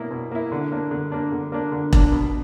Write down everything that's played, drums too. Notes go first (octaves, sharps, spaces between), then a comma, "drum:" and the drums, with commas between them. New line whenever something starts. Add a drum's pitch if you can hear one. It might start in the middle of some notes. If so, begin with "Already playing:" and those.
Already playing: B2 A#3 E4
B2
A#3 E4
D3
A#3 D4
D3
A#3 D4
D3
A#3 D4
D3
A#3 D4, drum: kick E1
B2